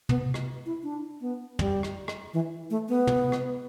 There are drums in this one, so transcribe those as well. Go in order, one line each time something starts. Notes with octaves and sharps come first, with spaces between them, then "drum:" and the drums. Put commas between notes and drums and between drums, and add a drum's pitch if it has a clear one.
B3, drum: tom
drum: rim click
E4
D4
B3
G3, drum: tom
drum: rim click
drum: rim click
E3
A3
B3
drum: tom
drum: rim click